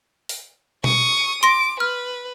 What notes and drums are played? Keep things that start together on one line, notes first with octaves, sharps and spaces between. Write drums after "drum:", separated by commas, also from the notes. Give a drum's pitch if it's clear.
drum: open hi-hat
C#6 D#6, drum: tom B2
C6 D6 A#6, drum: hi-hat
B4 F6